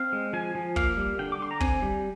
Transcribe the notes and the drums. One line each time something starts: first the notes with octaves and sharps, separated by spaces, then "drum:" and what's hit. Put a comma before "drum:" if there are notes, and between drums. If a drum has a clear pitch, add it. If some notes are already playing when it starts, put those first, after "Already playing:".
Already playing: C4 F5
G#3
F3 G#5
F3
A#3 F5, drum: kick
G3
D3 G5
D6
D3 C6
A#5
C4 G#5, drum: kick
G3